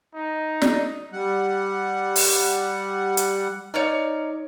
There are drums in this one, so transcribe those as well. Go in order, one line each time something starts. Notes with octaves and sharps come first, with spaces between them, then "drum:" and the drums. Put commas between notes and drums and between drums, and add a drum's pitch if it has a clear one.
D#4
D5, drum: snare
G3 F#5
drum: open hi-hat
drum: hi-hat
D#4 C#5 D5 F6